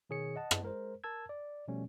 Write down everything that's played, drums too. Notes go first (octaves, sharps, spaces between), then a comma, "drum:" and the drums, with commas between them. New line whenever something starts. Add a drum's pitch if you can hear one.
B2 D#3 G#4 C#5 C#7
D#5 F#5 A5
drum: rim click
G#3 A#4 C5
A#4 A5 E6 G#6
D5
B2 F3 G3 A3 C#4